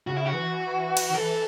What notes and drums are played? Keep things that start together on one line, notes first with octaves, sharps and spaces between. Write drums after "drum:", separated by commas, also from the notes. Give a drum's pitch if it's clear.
C#3 F#4
E4
F#4
E3
drum: cymbal
D#3
E3 A4